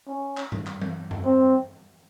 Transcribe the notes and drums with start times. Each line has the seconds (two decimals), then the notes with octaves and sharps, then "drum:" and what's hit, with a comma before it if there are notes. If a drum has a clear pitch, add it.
0.08 C#4
0.37 drum: clap
0.52 drum: tom
0.67 drum: clap
0.81 drum: tom E3
1.11 drum: tom F#2
1.25 C4